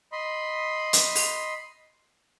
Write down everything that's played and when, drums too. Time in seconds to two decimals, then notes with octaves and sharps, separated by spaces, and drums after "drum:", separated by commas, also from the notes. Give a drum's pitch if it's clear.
0.12 D#5 B5 C6
0.93 drum: hi-hat
1.15 drum: open hi-hat